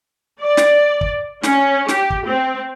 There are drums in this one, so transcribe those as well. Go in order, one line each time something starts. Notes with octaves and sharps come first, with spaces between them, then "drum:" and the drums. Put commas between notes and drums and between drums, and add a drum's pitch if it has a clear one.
D5
drum: snare
drum: kick
C#4, drum: snare
G4, drum: snare
drum: kick
C4